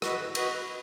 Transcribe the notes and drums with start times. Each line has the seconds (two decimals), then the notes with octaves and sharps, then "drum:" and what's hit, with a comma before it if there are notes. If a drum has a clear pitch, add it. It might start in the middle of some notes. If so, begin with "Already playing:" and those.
0.02 F#4 B4 D#5, drum: rim click
0.35 F#4 B4 D#5, drum: cymbal